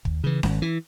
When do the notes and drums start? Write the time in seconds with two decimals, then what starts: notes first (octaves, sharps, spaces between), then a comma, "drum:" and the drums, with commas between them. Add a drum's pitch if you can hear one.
0.05 D#2, drum: kick
0.24 C#3 E3
0.43 G#1, drum: snare C#4
0.62 E3